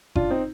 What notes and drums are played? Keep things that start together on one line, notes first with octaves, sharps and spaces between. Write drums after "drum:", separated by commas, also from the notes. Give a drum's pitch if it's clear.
D4 F4, drum: kick G1
C4 D#4